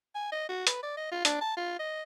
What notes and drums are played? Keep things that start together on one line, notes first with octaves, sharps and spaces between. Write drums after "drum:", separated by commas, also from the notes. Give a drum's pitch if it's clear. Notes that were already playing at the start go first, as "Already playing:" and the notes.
G#5
D#5
F#4
B4, drum: hi-hat
D5
D#5
F4
D4, drum: hi-hat
A5
F4
D#5